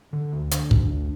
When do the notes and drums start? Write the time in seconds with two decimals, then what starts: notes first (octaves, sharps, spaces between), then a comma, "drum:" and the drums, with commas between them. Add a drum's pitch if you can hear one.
0.13 D3
0.32 D2
0.51 D3 D4, drum: hi-hat
0.71 D2, drum: kick
0.90 D2